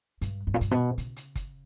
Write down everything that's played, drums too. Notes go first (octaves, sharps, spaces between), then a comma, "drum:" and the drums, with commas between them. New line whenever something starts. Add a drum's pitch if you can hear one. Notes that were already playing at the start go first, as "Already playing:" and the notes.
G2, drum: hi-hat
G2
A#2
G2, drum: hi-hat
B2
C#3, drum: hi-hat
drum: hi-hat
drum: kick, hi-hat